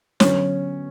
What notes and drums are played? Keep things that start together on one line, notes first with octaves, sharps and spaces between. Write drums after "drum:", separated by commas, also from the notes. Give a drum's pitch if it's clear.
D3 F#3 B3 C#4, drum: snare